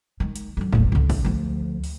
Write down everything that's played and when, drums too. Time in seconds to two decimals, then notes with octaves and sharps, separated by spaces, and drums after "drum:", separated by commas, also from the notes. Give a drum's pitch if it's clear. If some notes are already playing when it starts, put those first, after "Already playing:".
0.20 D#3 G#3
0.36 drum: hi-hat
0.57 D3 F#3
0.73 D#1 A2, drum: kick
0.92 C#2 D3
1.10 drum: kick, open hi-hat
1.25 D2 F3
1.84 drum: open hi-hat